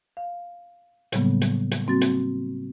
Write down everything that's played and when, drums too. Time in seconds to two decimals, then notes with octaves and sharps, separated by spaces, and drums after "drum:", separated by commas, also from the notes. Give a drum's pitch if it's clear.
0.17 F5
1.12 A2 C#3 F#3 G3 A#3 B3, drum: hi-hat
1.41 drum: hi-hat
1.71 drum: hi-hat
1.86 G3 A#3 C4 F#4 A6
2.01 drum: hi-hat